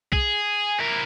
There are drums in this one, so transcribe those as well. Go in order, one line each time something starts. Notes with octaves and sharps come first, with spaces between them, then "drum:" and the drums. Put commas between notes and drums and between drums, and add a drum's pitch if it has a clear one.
G#4, drum: kick
E4 A#4